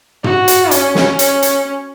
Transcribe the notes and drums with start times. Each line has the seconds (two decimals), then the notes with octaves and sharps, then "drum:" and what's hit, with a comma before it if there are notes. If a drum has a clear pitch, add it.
0.24 F#4, drum: tom
0.48 drum: hi-hat
0.71 C#4, drum: hi-hat
0.95 drum: snare
1.19 C#4, drum: hi-hat
1.43 drum: hi-hat